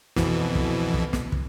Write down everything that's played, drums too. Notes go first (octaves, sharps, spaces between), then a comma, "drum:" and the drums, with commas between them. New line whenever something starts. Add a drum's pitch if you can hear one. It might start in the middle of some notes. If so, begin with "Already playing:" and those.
F2 B2 E3, drum: snare
drum: kick
drum: kick
drum: snare
drum: kick